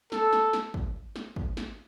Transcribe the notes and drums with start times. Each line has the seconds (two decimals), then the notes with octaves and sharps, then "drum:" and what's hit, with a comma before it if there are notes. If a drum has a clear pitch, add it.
0.12 A4, drum: snare
0.33 drum: snare
0.53 drum: snare
0.74 drum: kick
1.16 drum: snare
1.36 drum: kick
1.57 drum: snare